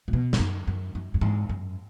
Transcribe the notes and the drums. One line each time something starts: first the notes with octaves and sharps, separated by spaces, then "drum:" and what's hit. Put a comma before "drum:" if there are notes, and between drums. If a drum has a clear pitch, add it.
A#2
B2
G#2, drum: snare
F#2
F#2
F#2
F#2
G#2, drum: tom G#2
F#2